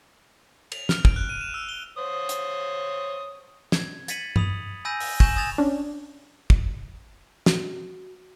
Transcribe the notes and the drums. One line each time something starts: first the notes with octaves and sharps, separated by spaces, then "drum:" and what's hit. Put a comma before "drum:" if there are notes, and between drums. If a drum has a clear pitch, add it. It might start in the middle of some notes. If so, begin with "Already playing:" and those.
F7, drum: cymbal
F6, drum: snare
D7, drum: kick
F#6
D#7
E7
E6
G7
C5 C#5 D#6
drum: hi-hat
G#6, drum: snare
G#6 A6 B6 C#7 D#7 F#7, drum: hi-hat
B5 D#6 F7, drum: tom
G#5 B5 E6 G6 A#6 D#7
drum: open hi-hat
G#5 C#6 G6 A#6 E7 F#7, drum: kick
G#5 D#6 G#6 A6 E7 F7
C#4 D4
drum: kick
F#4, drum: snare